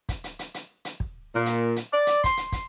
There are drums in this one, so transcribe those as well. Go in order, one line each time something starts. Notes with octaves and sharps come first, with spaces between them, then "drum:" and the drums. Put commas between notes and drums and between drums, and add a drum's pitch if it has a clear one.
drum: kick, hi-hat
drum: hi-hat
drum: hi-hat
drum: hi-hat
drum: hi-hat
drum: kick
A#2
drum: hi-hat
drum: hi-hat
D5
drum: hi-hat
C6, drum: kick, hi-hat
drum: hi-hat
drum: kick, hi-hat